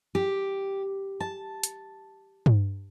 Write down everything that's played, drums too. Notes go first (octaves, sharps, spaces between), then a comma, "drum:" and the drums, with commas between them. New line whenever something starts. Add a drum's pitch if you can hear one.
G4
A5
drum: hi-hat
drum: tom